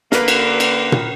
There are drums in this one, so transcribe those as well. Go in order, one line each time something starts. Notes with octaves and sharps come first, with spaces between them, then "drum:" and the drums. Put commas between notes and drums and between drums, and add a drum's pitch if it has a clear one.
D3 A#3 A#4 B4, drum: snare
drum: cymbal
drum: cymbal
drum: tom A#2